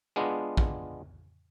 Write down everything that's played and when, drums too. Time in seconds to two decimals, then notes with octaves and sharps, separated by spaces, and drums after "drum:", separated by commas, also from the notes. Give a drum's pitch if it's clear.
0.16 G#3 B3 D4 F4
0.57 drum: kick